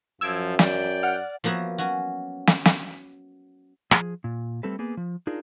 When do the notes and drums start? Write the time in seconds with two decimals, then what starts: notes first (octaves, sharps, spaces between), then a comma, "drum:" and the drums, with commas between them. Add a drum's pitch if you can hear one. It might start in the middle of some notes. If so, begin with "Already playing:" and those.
0.21 F#2 F3 E6 G#6 D7
0.59 D5 G5, drum: snare
1.03 F#5 F6
1.44 F3 A#3 B3 F#4 C#5 E5
1.78 F#3 C#4 F#4
2.47 drum: snare
2.65 drum: snare
3.91 F3 G#4, drum: rim click
4.24 A#2
4.63 G3 A3 C4 A4 B4
4.79 A#3 B3 G#4 B4
4.97 F3
5.27 D4 D#4 F4 G#4 A#4